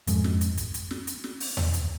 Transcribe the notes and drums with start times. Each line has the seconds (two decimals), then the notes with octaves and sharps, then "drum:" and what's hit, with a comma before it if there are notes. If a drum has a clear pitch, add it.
0.07 F2 G#2, drum: hi-hat
0.24 drum: snare
0.41 drum: hi-hat
0.57 drum: kick, hi-hat
0.74 drum: hi-hat
0.91 drum: snare
1.07 drum: hi-hat
1.24 drum: snare
1.40 drum: open hi-hat
1.57 drum: tom D#2
1.73 drum: hi-hat